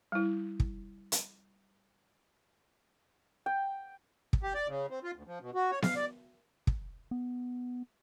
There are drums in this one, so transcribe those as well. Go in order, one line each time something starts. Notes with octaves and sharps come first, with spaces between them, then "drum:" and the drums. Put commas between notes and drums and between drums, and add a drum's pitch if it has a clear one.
G3 E4
drum: kick
drum: hi-hat
G5
drum: kick
G4
D5
C#3
C4
F4
D2
F3
B2
F#4
C#5
F5, drum: snare B3
D5
drum: kick
B3